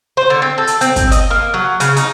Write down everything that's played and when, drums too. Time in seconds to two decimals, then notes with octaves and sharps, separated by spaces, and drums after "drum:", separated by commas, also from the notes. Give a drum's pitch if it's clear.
0.17 C5
0.30 D3
0.42 C4
0.58 A4
0.67 drum: hi-hat
0.81 C4, drum: hi-hat
0.96 drum: kick, hi-hat
1.12 D#5, drum: hi-hat
1.30 A#3
1.54 F#3
1.80 C#3, drum: hi-hat
1.96 D#4, drum: hi-hat